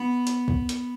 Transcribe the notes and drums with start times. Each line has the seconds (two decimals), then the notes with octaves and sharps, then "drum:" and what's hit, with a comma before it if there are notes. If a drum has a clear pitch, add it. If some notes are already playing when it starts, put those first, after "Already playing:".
Already playing: B3
0.27 drum: hi-hat
0.48 drum: kick
0.69 drum: hi-hat